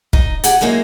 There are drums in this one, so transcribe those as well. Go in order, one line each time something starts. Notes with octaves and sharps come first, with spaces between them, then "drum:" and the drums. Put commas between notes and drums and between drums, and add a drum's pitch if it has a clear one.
D#4, drum: kick
G4 G#4 F#5, drum: hi-hat
F#3 G#3 A#3 D#4 E4